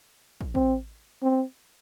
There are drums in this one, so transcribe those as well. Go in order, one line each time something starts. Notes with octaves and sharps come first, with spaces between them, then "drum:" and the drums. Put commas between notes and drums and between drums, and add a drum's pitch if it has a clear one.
drum: kick
C4, drum: kick
C4